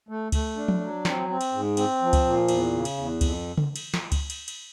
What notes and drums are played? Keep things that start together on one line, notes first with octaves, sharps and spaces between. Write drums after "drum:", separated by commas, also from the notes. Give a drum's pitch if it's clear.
A3
A3, drum: kick C#2, cymbal
D4
drum: tom F3
F#3
C4, drum: snare
C4
drum: cymbal
G#2
C4, drum: cymbal
F3
drum: kick C#2, cymbal
A#2
E2, drum: cymbal
C#3
drum: cymbal
E2
F2, drum: kick C#2, cymbal
drum: tom C#3
drum: cymbal
drum: snare
drum: kick C#2, cymbal
drum: cymbal
drum: cymbal